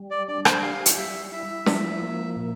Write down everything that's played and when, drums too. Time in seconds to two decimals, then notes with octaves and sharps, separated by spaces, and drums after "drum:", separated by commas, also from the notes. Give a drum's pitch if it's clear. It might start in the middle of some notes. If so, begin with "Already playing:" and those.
Already playing: G3
0.11 D5
0.28 D4 D5
0.45 C5, drum: rim click
0.63 G4 F5
0.86 drum: hi-hat
0.98 G3 E5
1.32 E4 E5
1.66 F3, drum: snare
2.02 A#3
2.36 A#2